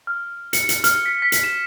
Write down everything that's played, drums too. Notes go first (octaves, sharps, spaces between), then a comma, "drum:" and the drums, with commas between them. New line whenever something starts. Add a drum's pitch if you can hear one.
F6
C#7, drum: hi-hat
drum: hi-hat
F6, drum: hi-hat
B6
B6
drum: hi-hat
E7